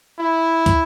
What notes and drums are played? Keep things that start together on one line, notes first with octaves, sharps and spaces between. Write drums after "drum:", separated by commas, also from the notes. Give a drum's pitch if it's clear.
E4
drum: kick, hi-hat